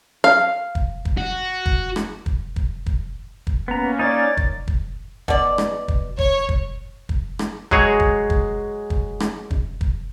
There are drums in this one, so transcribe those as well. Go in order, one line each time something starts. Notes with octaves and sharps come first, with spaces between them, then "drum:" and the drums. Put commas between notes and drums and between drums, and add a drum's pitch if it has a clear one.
F5
drum: kick
drum: kick
F#4
drum: kick
drum: rim click
drum: kick
drum: kick
drum: kick
drum: kick
A#3 B3 C#4 A#5
D#4 C#5 D5 A6
drum: kick
drum: kick
B2 D5, drum: kick
drum: rim click
drum: kick
C#5, drum: kick
drum: kick
drum: kick
drum: rim click
F#3 G#3 G#4 C#5, drum: kick
drum: kick
drum: kick
drum: kick
drum: rim click
drum: kick
drum: kick